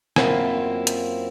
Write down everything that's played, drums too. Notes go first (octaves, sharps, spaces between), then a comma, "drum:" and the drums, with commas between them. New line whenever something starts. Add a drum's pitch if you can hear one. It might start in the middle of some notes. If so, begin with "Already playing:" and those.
F#2 A#3 C4 E4 F4, drum: rim click
drum: hi-hat